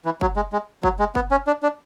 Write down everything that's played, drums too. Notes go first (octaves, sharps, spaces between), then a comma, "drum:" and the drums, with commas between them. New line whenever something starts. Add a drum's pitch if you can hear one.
E3
F#3, drum: kick F#1
G#3
G#3
F#3, drum: kick F#1
G#3
B3, drum: kick F#1
C#4
D4
D4